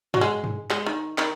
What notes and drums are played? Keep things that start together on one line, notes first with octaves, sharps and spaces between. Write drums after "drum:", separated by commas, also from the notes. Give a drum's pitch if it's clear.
F#3, drum: tom G2
G#3
drum: tom G2
G#3, drum: clap
D#3
D#3, drum: clap